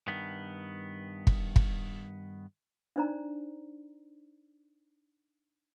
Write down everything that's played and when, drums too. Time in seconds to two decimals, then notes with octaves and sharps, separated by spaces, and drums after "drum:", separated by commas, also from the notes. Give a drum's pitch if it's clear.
0.08 G2 D#3 B3
1.27 drum: kick
1.56 drum: kick
2.96 D4 D#4 C5 D5 A#5